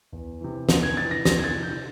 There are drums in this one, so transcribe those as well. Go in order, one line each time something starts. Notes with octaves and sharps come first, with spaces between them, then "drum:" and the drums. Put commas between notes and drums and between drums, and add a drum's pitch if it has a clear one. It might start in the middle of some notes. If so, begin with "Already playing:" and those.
E2
C3 E3
E2, drum: snare
G#6
C3 E3 A6
A#6
E2 A#6, drum: snare
G#6
A6
C3 E3
G6